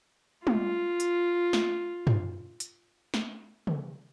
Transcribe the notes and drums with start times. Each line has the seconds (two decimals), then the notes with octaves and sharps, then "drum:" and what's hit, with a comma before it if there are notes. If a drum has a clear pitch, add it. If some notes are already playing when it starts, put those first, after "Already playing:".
0.47 F4, drum: tom
1.00 drum: hi-hat
1.53 drum: snare
2.07 drum: tom
2.60 drum: hi-hat
3.14 drum: snare
3.67 drum: tom